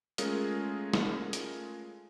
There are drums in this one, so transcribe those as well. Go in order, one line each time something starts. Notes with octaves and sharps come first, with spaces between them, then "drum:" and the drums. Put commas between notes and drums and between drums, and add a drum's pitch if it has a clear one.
G#3 A3 C#4 F4 G#4 A#4, drum: hi-hat
drum: snare
drum: hi-hat